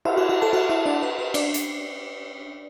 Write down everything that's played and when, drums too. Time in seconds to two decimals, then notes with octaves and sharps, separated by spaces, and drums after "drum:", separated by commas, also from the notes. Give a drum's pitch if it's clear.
0.05 E4 E5, drum: cymbal
0.17 F#4 F#5
0.29 F#4 F#5
0.41 A4 A5
0.53 F#4 F#5
0.69 E4 E5
0.86 D4 D5
1.03 B4
1.19 B4
1.34 D4 D5, drum: cymbal
1.54 drum: hi-hat